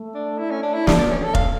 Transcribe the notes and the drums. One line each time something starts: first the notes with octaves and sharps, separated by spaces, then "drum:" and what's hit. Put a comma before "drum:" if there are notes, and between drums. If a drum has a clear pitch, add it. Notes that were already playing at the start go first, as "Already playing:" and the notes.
Already playing: A3
D4
E4
C#4
D4
E4
D4, drum: snare
D4
C#4
A4
F5, drum: kick F1